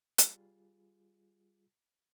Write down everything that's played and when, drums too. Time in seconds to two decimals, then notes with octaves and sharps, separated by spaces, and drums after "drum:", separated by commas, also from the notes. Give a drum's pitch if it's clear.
0.18 G3 F4 G#4, drum: hi-hat